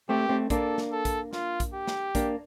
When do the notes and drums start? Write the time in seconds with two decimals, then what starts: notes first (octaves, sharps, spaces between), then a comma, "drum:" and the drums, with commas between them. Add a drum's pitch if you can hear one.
0.09 A3 C4 G4
0.29 A3 C4
0.50 A#3 D4 A4, drum: kick, hi-hat
0.78 drum: snare
0.92 A4
1.05 drum: kick, hi-hat
1.33 F4, drum: snare
1.60 drum: kick, hi-hat
1.74 G4
1.87 drum: snare
2.15 A#3 D4, drum: kick, hi-hat